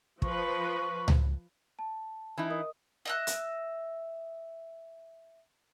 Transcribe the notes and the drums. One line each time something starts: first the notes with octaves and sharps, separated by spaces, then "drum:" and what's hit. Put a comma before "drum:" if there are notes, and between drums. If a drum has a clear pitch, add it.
F3 B4 C#6, drum: kick
drum: tom C#2
A5
E3 D#4 E4
A#4 D#5 D#6
D#5 E5 F#6
drum: hi-hat